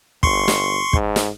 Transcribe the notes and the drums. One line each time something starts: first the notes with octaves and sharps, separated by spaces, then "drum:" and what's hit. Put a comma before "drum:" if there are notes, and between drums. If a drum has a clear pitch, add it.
G1 C6 C#6, drum: kick
drum: snare
G#2, drum: kick
drum: snare